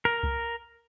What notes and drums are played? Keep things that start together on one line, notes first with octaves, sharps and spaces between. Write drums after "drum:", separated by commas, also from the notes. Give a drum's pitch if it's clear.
A#4
drum: kick C2